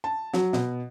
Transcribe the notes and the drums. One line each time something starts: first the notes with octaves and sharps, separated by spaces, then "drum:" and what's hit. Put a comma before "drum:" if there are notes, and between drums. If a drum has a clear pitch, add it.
A5
F#3, drum: snare
B2, drum: snare